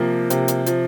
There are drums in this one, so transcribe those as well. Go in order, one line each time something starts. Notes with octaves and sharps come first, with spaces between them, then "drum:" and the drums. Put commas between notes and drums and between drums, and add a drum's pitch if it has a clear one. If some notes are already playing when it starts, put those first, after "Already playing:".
Already playing: C3 F3 A#3
C3, drum: hi-hat
drum: hi-hat
F3, drum: hi-hat